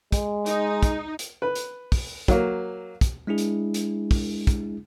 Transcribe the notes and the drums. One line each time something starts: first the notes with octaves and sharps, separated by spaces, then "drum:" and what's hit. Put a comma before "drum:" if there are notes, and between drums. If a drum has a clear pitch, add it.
G#3, drum: kick, hi-hat
D#4, drum: hi-hat
drum: kick, hi-hat
drum: hi-hat
B4
drum: hi-hat
drum: kick, open hi-hat
F#3 A#3, drum: kick, hi-hat
drum: kick, hi-hat
G#3 D4 E4 G#4
drum: hi-hat
drum: hi-hat
drum: kick, open hi-hat
drum: kick, hi-hat